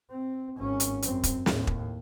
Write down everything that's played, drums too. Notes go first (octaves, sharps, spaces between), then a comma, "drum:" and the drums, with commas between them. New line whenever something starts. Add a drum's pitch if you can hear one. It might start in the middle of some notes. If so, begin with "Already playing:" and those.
C4
G#1 C#4
drum: hi-hat
F#2 C4, drum: hi-hat
drum: kick, hi-hat
D#2 A2, drum: snare
drum: kick